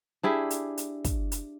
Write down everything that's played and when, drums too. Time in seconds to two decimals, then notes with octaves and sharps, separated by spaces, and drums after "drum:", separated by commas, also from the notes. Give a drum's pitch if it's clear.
0.23 D4 E4 G4 G#4
0.50 drum: hi-hat
0.78 drum: hi-hat
1.05 drum: kick, hi-hat
1.32 drum: hi-hat